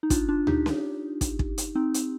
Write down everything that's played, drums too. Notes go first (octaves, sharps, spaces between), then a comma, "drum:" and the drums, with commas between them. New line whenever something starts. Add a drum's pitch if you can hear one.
D#4
D4 F4, drum: kick, hi-hat
D4 F4
D#4 G4, drum: tom D2
drum: snare C#4
drum: kick, hi-hat
drum: kick
drum: hi-hat
C4 D#4
drum: hi-hat